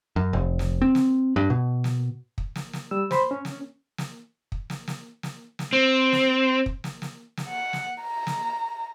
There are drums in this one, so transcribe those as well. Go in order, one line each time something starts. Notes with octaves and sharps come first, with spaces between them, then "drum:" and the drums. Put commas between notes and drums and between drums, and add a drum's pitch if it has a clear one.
F#2
F1
drum: snare
C4
drum: snare
G2
B2
drum: snare
drum: kick
drum: snare
drum: snare
G3 E6
C5 B5 C6, drum: snare
C#4
drum: snare
drum: snare
drum: kick
drum: snare
drum: snare
drum: snare
drum: snare
C4
drum: snare
drum: kick
drum: snare
drum: snare
drum: snare
F#5
drum: snare
A#5
drum: snare